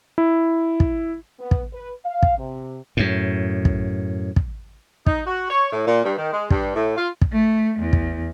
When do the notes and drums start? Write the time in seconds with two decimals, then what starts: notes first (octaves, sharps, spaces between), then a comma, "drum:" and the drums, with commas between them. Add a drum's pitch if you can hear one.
0.18 E4
0.80 drum: kick
1.40 B3
1.51 drum: kick
1.73 B4
2.05 F5
2.23 drum: kick
2.38 C3
2.97 F#2 A2
3.65 drum: kick
4.36 drum: kick
5.06 D#4, drum: kick
5.27 F#4
5.49 C#5
5.73 A2
5.86 A#2
6.04 G2
6.17 D#3
6.32 G#3
6.50 G2, drum: kick
6.75 A2
6.97 F4
7.22 drum: kick
7.32 A3
7.79 E2
7.93 drum: kick